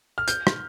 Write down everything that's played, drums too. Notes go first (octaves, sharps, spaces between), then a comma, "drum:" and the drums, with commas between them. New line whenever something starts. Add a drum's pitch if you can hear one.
F6
G6, drum: hi-hat
drum: rim click